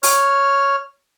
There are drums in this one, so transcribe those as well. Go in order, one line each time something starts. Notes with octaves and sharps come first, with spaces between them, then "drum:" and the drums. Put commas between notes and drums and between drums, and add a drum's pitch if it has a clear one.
C#5 F6, drum: open hi-hat